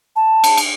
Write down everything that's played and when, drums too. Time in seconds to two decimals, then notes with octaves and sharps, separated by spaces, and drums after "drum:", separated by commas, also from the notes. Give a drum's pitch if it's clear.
0.16 A5
0.44 drum: cymbal
0.57 drum: cymbal